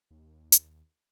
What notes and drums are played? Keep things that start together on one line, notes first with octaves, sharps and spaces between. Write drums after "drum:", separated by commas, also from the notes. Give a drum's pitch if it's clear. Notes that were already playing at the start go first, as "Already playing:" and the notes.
D#2
drum: hi-hat